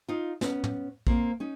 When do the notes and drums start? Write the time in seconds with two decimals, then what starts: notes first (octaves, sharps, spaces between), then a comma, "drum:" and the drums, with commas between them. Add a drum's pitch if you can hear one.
0.08 D#4 F4
0.41 B3 C#4, drum: snare
0.64 drum: tom
1.07 A#3 C4, drum: kick A#1
1.40 C#4 D#4